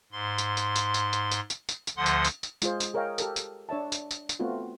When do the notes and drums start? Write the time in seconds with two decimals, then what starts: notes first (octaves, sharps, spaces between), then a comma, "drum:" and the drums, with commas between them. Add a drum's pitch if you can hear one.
0.12 G#2 C6
0.38 drum: tambourine
0.57 drum: tambourine
0.76 drum: tambourine
0.94 drum: tambourine
1.13 drum: tambourine
1.31 drum: tambourine
1.50 drum: tambourine
1.69 drum: tambourine
1.87 drum: tambourine
1.97 D2 D3 F3 F#5 C6 D#6
2.06 drum: tambourine
2.24 drum: tambourine
2.43 drum: tambourine
2.62 G#3 F4 G#4 C5, drum: tambourine
2.80 drum: tambourine
2.94 G#4 A#4 C#5 D#5 F5 G5
3.18 G4 A4 A#4, drum: tambourine
3.36 drum: tambourine
3.69 D4 C#5 E5 A5
3.92 drum: tambourine
4.11 drum: tambourine
4.29 drum: tambourine
4.40 A3 B3 C4 F4 F#4